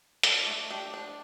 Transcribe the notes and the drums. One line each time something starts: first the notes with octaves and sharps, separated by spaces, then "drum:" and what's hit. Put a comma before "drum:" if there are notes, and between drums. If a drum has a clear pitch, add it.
D4 A4, drum: hi-hat
A3
D4 G4
D4